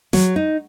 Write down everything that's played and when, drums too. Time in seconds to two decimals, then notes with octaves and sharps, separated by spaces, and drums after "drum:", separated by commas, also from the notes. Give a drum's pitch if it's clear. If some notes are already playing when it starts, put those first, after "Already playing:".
0.13 F#3, drum: snare
0.36 D#4